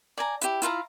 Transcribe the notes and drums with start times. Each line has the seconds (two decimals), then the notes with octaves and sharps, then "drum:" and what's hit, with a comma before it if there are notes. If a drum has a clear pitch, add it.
0.18 D5 G#5 A#5
0.42 E4 G4, drum: hi-hat
0.62 E4 F4 F5 A#5, drum: hi-hat